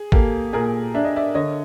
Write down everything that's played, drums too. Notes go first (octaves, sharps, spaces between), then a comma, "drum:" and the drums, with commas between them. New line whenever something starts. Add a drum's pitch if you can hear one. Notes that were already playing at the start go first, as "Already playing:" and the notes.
Already playing: G#4
A#3 G4 A4, drum: kick
A#2 G#4 A#4
D4 E5
D#5
D5 E5
D3 C#5 D#5